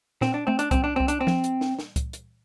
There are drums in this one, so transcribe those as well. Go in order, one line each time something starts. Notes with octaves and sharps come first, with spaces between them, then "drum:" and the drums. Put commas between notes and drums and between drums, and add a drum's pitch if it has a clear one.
A#2 C4, drum: snare
D4
A3 C4
D4, drum: hi-hat
C2 C4, drum: kick, hi-hat
D4
C2 C4
D4, drum: hi-hat
C4
F3, drum: snare
drum: hi-hat
drum: snare
drum: snare
drum: kick, hi-hat
drum: hi-hat